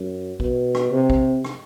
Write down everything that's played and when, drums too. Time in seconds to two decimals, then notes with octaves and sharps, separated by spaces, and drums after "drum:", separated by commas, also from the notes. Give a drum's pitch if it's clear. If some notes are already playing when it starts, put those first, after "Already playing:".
Already playing: F#2
0.40 B2, drum: kick
0.75 drum: rim click
0.92 C3
1.10 drum: kick
1.45 drum: rim click